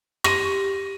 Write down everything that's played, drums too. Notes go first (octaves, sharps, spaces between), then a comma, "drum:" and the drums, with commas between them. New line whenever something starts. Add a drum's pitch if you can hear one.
G4 C6 C#6 A#6 D#7, drum: rim click